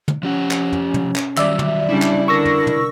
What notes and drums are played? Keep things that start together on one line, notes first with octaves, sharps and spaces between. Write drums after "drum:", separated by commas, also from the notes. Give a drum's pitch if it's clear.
drum: tom
F3 C#4 G4 F#5
drum: clap
drum: tom
drum: tom
drum: clap
D#3 F#3 G3 D5 E5, drum: clap
drum: tom
C#3 G3 D4 E4
drum: clap
D3 D4 A#4 C#6 E6 A#6
drum: tom
drum: tom